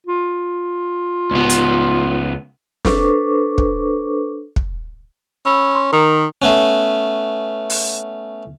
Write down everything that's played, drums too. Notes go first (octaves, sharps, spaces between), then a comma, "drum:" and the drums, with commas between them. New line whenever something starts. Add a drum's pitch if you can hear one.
F4
C#2 B3
drum: hi-hat
D4 A4 B4 C5 C#6 D6, drum: snare
drum: kick
drum: kick
C#4 B5 E6
C6
D#3 A#4 A#5 F7
A3 B3 C#4
drum: open hi-hat